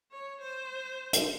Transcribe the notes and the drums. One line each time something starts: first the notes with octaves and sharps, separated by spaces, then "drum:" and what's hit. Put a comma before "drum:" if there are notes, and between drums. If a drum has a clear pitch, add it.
C#5
C5
drum: hi-hat